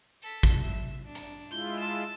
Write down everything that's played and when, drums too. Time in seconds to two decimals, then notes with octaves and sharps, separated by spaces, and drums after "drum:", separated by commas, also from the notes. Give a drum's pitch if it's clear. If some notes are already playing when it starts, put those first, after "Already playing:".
0.22 A4 B6
0.43 drum: kick, hi-hat
0.61 E5
1.05 D4
1.15 drum: hi-hat
1.51 G#3 E4 F4 G6
1.80 A5 E6